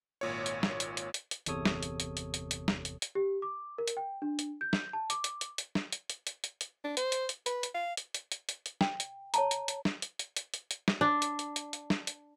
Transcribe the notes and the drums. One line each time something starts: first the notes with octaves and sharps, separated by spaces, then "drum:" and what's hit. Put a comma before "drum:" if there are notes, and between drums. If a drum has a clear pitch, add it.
G#1 A#2 C#5
drum: hi-hat
drum: snare
drum: hi-hat
drum: hi-hat
drum: hi-hat
drum: hi-hat
G1 E2 C3 A4 C#5 D#6, drum: hi-hat
drum: snare
drum: hi-hat
drum: hi-hat
drum: hi-hat
drum: hi-hat
drum: hi-hat
drum: snare
drum: hi-hat
drum: hi-hat
G4
D6
A#4
drum: hi-hat
G5
D4
drum: hi-hat
G6
drum: snare
A5
D6, drum: hi-hat
drum: hi-hat
drum: hi-hat
drum: hi-hat
drum: snare
drum: hi-hat
drum: hi-hat
drum: hi-hat
drum: hi-hat
drum: hi-hat
D4
C5, drum: hi-hat
drum: hi-hat
drum: hi-hat
B4, drum: hi-hat
drum: hi-hat
F5
drum: hi-hat
drum: hi-hat
drum: hi-hat
drum: hi-hat
drum: hi-hat
G5, drum: snare
drum: hi-hat
C#5 A5 A#5, drum: hi-hat
drum: hi-hat
drum: hi-hat
drum: snare
drum: hi-hat
drum: hi-hat
drum: hi-hat
drum: hi-hat
drum: hi-hat
drum: snare
D4
drum: hi-hat
drum: hi-hat
drum: hi-hat
drum: hi-hat
drum: snare
drum: hi-hat